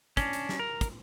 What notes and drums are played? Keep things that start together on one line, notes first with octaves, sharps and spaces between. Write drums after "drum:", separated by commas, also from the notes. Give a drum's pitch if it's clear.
C#4 D4, drum: kick, hi-hat
drum: hi-hat
drum: snare
A#4
drum: kick, hi-hat